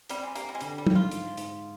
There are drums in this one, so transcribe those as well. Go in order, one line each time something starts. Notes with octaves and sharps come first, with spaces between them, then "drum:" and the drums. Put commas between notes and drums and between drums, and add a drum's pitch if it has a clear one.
G3 C4, drum: hi-hat
G#3
A#3 G4, drum: hi-hat
G3
G#3
D3 G3, drum: hi-hat
G3
F3, drum: tom
F4
G#2, drum: hi-hat
G#2, drum: hi-hat